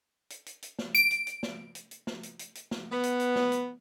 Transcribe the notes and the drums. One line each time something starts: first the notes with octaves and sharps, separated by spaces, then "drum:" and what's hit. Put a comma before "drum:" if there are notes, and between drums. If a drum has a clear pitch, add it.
drum: hi-hat
drum: hi-hat
drum: hi-hat
drum: snare
D7, drum: hi-hat
drum: hi-hat
drum: hi-hat
drum: snare
drum: hi-hat
drum: hi-hat
drum: snare
drum: hi-hat
drum: hi-hat
drum: hi-hat
drum: snare
B3
drum: hi-hat
drum: hi-hat
drum: snare
drum: hi-hat